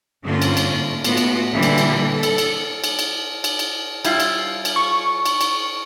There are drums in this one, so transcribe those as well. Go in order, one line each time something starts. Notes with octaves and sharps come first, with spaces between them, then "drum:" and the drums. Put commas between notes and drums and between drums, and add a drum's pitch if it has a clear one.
G2 D3 A#3 C4 C#4 F4
drum: cymbal
drum: cymbal
A2
A2 B3 F4 F#4, drum: cymbal
drum: cymbal
A#2 D3 E3 G3 D4
drum: cymbal
drum: cymbal
A4
drum: cymbal
drum: cymbal
drum: cymbal
drum: cymbal
drum: cymbal
drum: cymbal
G3 E4 F4, drum: cymbal
drum: cymbal
drum: cymbal
C#6
drum: cymbal
drum: cymbal